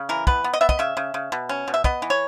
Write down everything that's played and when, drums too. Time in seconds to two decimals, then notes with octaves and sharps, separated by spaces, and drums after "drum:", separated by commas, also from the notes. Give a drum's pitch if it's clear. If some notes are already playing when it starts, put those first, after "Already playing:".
Already playing: C#3
0.09 E3 A#4
0.27 B3 B4, drum: kick
0.44 B3
0.53 D#5
0.61 B3 E5
0.69 D#5, drum: kick
0.79 C#3 E5
0.97 C#3
1.14 C#3
1.32 B2
1.49 C#4
1.68 B2
1.74 E5
1.84 B3 D#5, drum: kick
2.02 E3
2.10 C#5